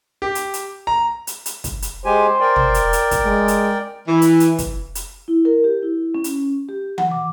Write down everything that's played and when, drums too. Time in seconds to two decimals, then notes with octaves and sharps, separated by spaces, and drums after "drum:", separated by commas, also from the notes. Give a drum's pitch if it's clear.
0.22 G4
0.35 drum: hi-hat
0.54 drum: hi-hat
0.87 A#5
1.27 drum: hi-hat
1.46 drum: hi-hat
1.64 drum: kick, hi-hat
1.82 drum: hi-hat
2.05 G#3 G4 C5 G#5
2.40 A#4 D5 G5
2.56 drum: tom
2.74 drum: hi-hat
2.93 drum: hi-hat
3.11 drum: kick, hi-hat
3.25 G#3
3.48 drum: hi-hat
4.08 E3
4.22 drum: hi-hat
4.40 drum: hi-hat
4.58 drum: kick, hi-hat
4.95 drum: hi-hat
5.28 E4
5.45 A#4
5.64 G4
5.83 E4
6.15 C#4
6.24 drum: hi-hat
6.69 G4
6.98 F#5, drum: tom E3
7.11 D6